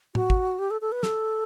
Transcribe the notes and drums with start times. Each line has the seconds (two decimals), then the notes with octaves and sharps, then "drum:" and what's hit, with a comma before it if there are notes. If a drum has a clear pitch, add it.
0.15 F#4, drum: tom A2
0.30 drum: kick
0.59 G4
0.71 A4
0.81 A4
0.92 B4
1.03 A4, drum: snare